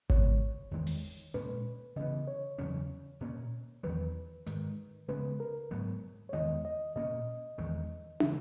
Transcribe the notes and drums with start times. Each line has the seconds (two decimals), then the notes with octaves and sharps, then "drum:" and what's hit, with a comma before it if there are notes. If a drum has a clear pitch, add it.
0.10 C#3 G#3 B3 C#5, drum: kick G#1
0.71 E2 D#3 G#3
0.86 drum: open hi-hat
1.34 A#2 G#3 C#4 B4
1.96 C#3 E3 B3 D#5
2.28 C#5
2.58 E2 C#3 F#3 C#4
3.21 A#2 A#3 C#4
3.83 E2 D#3 F#3 B4
4.46 G#2 D#3 G#3, drum: hi-hat
5.08 C#3 G#3 B3 B4
5.40 A#4
5.71 G#2 F#3 B3
6.29 C#5
6.33 E2 D#3 G#3 B3 D#5
6.65 D#5
6.96 A#2 A#3 C#4 D#5
7.58 E2 D#3 G#3
8.20 C#3 E3 G#3 E5, drum: tom